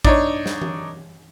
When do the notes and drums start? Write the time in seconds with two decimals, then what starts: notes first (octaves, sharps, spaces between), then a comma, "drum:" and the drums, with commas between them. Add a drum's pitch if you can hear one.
0.05 D4 D#4 C#5, drum: kick A1
0.46 drum: snare
0.62 drum: tom E3